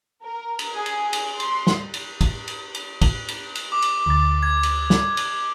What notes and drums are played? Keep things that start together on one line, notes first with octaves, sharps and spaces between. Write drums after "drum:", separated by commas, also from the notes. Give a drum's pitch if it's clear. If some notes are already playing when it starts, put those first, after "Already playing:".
A#4
drum: cymbal
G#4
drum: cymbal
drum: cymbal
C6, drum: cymbal
drum: snare
drum: cymbal
drum: kick, cymbal
drum: cymbal
drum: cymbal
drum: kick, cymbal
drum: cymbal
drum: cymbal
D6
drum: cymbal
D2 A6
G#6
drum: cymbal
drum: snare
drum: cymbal